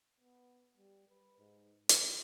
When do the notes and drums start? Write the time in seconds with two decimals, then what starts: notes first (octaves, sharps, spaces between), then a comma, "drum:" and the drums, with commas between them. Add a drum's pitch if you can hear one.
0.20 B3
0.78 G3
1.09 B4
1.38 G#2
1.89 C4, drum: hi-hat